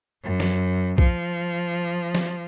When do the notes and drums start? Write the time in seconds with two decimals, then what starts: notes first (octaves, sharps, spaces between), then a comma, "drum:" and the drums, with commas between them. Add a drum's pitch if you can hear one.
0.22 F#2
0.40 drum: snare
0.98 F3, drum: kick B1
2.15 drum: snare